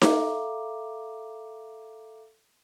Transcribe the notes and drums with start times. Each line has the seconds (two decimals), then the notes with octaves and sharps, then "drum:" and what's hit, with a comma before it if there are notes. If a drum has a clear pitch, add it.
0.02 A4 E5 F5 A#5 D6, drum: snare D#4